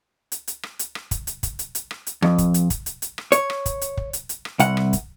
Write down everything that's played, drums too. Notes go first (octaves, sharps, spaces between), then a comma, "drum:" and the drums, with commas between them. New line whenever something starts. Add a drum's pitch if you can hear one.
drum: hi-hat
drum: hi-hat
drum: rim click
drum: hi-hat
drum: rim click
drum: kick, hi-hat
drum: hi-hat
drum: kick, hi-hat
drum: hi-hat
drum: hi-hat
drum: rim click
drum: hi-hat
F2, drum: rim click
drum: kick, hi-hat
drum: hi-hat
drum: kick, hi-hat
drum: hi-hat
drum: hi-hat
drum: rim click
C#5, drum: hi-hat
drum: rim click
drum: kick, hi-hat
drum: hi-hat
drum: kick
drum: hi-hat
drum: hi-hat
drum: rim click
C2 F#5, drum: hi-hat
drum: rim click
drum: kick, hi-hat